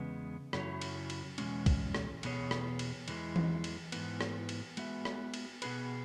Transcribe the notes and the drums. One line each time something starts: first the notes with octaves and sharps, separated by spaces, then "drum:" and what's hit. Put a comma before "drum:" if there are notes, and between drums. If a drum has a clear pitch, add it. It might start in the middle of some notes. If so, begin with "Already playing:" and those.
Already playing: E2 C#3 G#3 B3
F#2 C#3 F#3 E4 C#5, drum: rim click
drum: cymbal
drum: cymbal
E2 B2 G#3 C#4, drum: cymbal
drum: kick, cymbal
drum: rim click
E2 B2 B3 G#4 C#5, drum: cymbal
drum: rim click
drum: cymbal
E2 E3 G#3, drum: cymbal
drum: tom E3
drum: cymbal
G#2 E3 B3, drum: cymbal
drum: rim click
drum: cymbal
G#3 B3 F#4 E5, drum: cymbal
drum: rim click
drum: cymbal
B2 B3 G#4 B4, drum: cymbal